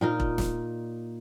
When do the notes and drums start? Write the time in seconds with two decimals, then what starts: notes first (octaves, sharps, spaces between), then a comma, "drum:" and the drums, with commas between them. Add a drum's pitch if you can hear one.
0.01 A#2 D#4 A#4
0.20 drum: kick E1
0.38 drum: snare